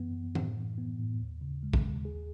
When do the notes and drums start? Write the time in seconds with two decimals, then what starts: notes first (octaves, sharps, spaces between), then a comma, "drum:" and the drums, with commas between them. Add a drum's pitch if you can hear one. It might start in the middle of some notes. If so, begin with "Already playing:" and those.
Already playing: F#2 E3 B3
0.14 F#2
0.35 A2, drum: tom E3
0.57 E3
0.78 B3
0.99 A2
1.20 D#2
1.41 C#3
1.63 G#3
1.73 drum: kick
1.83 D#2
2.05 G#4